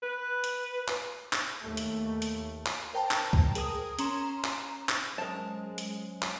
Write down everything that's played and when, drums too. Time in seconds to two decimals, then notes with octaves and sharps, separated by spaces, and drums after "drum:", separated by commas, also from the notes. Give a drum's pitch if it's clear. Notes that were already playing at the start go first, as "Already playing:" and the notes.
0.03 B4
0.44 drum: hi-hat
0.88 drum: clap
1.33 drum: clap
1.61 D#2 A3
1.77 drum: hi-hat
2.22 drum: hi-hat
2.66 drum: clap
2.93 A#4 C5 G5 A5 A#5
3.11 drum: clap
3.33 drum: kick
3.55 G#4 A#4 D#6, drum: hi-hat
3.99 C#4 A#5 C6 E7, drum: hi-hat
4.44 drum: clap
4.89 drum: clap
5.18 F#3 G#3 C#4 A#4 C5 A5 D#6
5.78 drum: hi-hat
6.22 drum: clap